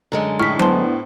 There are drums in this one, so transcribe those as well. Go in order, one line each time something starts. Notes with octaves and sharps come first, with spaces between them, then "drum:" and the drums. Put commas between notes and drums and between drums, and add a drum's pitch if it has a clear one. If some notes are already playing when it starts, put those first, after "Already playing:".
F#2 D3 G#3
A2 C#6 F6 B6
B3 D4 C5 A5 C6, drum: tom F#3